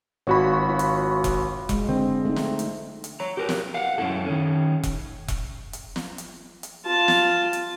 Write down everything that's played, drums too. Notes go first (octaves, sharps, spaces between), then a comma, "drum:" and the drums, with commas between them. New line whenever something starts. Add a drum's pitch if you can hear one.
G#1 F4 F#4 C#5 B5
F4
drum: hi-hat
drum: kick E1, hi-hat
G#3, drum: kick E1, hi-hat
D3 C4
A3 D#4
drum: snare
drum: hi-hat
drum: hi-hat
C#5 A#5
G4 A#4 B4
drum: snare
F5 F#5
F#2 A#2 C#4 E4 A4
D#3 C#4
drum: kick E1, hi-hat
drum: kick E1, hi-hat
drum: hi-hat
drum: snare
drum: hi-hat
drum: hi-hat
F4 A5
drum: snare
drum: hi-hat